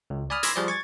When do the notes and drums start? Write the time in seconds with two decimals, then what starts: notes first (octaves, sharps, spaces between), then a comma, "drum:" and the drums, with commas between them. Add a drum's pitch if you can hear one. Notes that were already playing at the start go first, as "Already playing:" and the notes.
0.10 C#2
0.30 D5 G#5 B5 D#6 F6
0.43 B5 C6 D6 E6 G#6 A#6, drum: hi-hat
0.56 F3 G3 G#4 C5 D5
0.68 C#6 G#6 A6